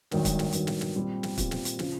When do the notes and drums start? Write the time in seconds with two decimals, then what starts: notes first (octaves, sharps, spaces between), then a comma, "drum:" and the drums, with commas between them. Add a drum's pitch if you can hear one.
0.11 G#1 G2 D#3 F#3, drum: snare
0.25 drum: kick, hi-hat
0.39 drum: snare
0.52 G#1 G2 D#3 F#3, drum: hi-hat
0.67 drum: snare
0.81 drum: snare
0.95 A#2 G3 C4
1.23 drum: snare
1.38 A#2 G3 C4, drum: kick, hi-hat
1.51 drum: snare
1.65 drum: hi-hat
1.79 C#3 F3, drum: snare